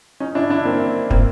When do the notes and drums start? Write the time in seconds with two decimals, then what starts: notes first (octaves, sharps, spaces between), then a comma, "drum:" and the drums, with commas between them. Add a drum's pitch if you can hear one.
0.20 C#4 D#4
0.35 D4 E4
0.50 D4 E4
0.65 A#3 C4
1.10 A#3 C4, drum: kick